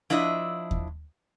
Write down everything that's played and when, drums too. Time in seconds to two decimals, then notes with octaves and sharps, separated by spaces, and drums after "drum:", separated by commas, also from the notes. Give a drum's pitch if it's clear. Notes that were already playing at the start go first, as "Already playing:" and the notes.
0.10 F3 D4 E4 D#5 E5
0.71 drum: kick D#2